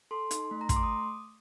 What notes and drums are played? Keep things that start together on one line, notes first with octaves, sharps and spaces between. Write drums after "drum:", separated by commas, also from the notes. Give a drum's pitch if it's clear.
A4 C6
D#4, drum: hi-hat
A3
A#5
A3 C6, drum: kick, hi-hat
D6
D#6